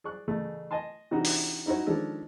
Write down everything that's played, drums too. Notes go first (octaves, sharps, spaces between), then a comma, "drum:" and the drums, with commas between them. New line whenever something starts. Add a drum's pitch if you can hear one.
G#4 D5 C#6 F#6
A1 C#3 A3
D#5 G#5 A5 C6
C3 E3 D4 D#4 F#4 G#4
drum: open hi-hat
C#4 D#4 E4 F#4 C#5
D#3 F3 G#3 C#4 D4 A4